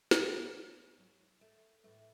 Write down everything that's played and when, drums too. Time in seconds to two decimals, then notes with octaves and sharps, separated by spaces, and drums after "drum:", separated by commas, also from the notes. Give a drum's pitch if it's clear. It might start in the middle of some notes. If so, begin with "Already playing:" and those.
0.11 F#2 C#3 E3 E4, drum: snare
0.22 F#4
0.33 E4
0.43 C#4
0.98 G#2 F#3
1.41 A3
1.84 A2 E3 A3